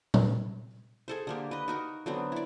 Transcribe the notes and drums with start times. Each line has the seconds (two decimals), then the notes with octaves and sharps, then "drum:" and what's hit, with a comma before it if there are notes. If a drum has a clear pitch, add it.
0.14 drum: tom A#2
1.08 G#4 A4 C5
1.27 D3 A#3 G4
1.51 B4 D#5
1.68 D#4 F#4 A#4
2.06 D3 F#3 B3 C4
2.32 E4 D5